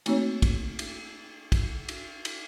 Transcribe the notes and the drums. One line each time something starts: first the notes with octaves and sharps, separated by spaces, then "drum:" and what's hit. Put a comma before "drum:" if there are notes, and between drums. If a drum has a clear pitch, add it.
A3 A#3 C4 D#4 F#4 C#5, drum: cymbal
drum: kick, cymbal
drum: cymbal
drum: kick, cymbal
drum: cymbal
drum: cymbal